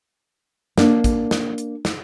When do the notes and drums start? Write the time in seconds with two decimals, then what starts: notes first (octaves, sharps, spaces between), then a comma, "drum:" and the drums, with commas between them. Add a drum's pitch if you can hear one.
0.78 A#3 D4, drum: snare
1.04 drum: kick, hi-hat
1.31 drum: snare
1.58 drum: hi-hat
1.85 drum: snare